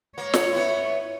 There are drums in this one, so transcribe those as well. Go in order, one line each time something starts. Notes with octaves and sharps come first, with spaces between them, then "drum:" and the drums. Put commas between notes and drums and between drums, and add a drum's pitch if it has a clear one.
A#3 C#5
drum: snare
B3 E4